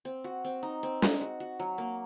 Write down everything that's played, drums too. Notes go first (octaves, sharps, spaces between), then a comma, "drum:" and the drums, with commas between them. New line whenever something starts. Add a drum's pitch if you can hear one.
C4
F#4
C4
D#4
C4
G#3, drum: snare
F#4
F#4
F#3
A#3